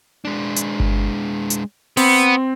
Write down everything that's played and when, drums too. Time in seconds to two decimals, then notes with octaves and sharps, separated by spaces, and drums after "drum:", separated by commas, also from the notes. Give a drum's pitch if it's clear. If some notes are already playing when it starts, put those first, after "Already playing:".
0.25 G#3 D4
0.56 drum: hi-hat
0.80 drum: kick G1
1.50 drum: hi-hat
1.97 B3 C4, drum: open hi-hat